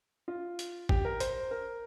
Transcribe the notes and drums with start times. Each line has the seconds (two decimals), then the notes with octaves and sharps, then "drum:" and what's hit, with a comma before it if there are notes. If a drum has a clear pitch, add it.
0.28 F4
0.59 drum: hi-hat
0.89 G4, drum: kick
1.05 A#4
1.20 C5, drum: hi-hat
1.51 A#4